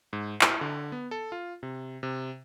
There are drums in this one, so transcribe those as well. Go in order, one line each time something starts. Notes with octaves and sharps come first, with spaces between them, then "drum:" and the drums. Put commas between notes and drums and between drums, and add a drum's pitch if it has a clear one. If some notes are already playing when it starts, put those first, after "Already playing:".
G#2
E4, drum: clap
D3
B3
A4
F4
C3
C3